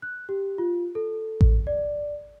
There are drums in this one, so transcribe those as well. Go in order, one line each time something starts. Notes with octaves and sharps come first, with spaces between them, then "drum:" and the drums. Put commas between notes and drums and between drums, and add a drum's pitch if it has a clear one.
F#6
G4
F4
A4
drum: kick A1
D5